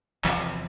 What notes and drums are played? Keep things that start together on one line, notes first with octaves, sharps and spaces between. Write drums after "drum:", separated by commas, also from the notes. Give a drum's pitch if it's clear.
E2 C3 F3, drum: clap